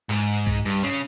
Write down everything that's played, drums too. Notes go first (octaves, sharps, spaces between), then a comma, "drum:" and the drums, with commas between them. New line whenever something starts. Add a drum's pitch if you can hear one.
G#2, drum: clap
drum: kick B1, hi-hat
G2
C#3, drum: clap